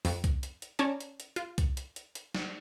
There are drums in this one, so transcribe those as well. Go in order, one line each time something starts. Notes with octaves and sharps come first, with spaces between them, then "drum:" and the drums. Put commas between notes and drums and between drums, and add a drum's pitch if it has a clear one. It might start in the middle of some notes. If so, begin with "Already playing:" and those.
F2, drum: open hi-hat
drum: kick C2, hi-hat
drum: hi-hat
drum: hi-hat
C#4 C#5 D5 A5 A#5, drum: hi-hat
drum: hi-hat
drum: hi-hat
F4, drum: hi-hat
drum: kick C2, hi-hat
drum: hi-hat
drum: hi-hat
drum: hi-hat
drum: snare